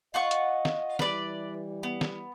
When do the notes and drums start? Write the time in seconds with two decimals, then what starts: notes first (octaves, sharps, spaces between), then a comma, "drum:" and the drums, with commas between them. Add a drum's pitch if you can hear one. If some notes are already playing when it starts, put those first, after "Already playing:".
0.14 F4 D#5 F#5 C#6
0.31 drum: hi-hat
0.65 drum: snare
0.99 E3 G3 B4 D5, drum: snare
1.83 B3
2.01 drum: snare